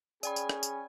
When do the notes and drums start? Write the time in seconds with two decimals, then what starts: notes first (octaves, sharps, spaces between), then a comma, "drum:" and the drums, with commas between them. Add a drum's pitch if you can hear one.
0.23 C#4 G#4 D5 G5 G#5 B5, drum: tambourine
0.36 drum: tambourine
0.50 drum: rim click
0.63 drum: tambourine